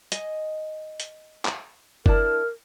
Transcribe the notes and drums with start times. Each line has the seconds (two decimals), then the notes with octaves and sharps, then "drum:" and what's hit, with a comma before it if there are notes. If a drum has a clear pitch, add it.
0.12 D#5 G#5, drum: hi-hat
1.00 drum: hi-hat
1.45 drum: clap
2.06 D4 E4 A#4 A5, drum: kick F#1